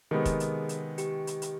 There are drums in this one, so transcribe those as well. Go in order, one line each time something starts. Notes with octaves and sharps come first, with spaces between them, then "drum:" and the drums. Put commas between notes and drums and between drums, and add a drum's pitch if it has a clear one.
C3 D#3 G#3 B3 G#4
drum: kick, hi-hat
drum: hi-hat
drum: hi-hat
G4, drum: hi-hat
drum: hi-hat
drum: hi-hat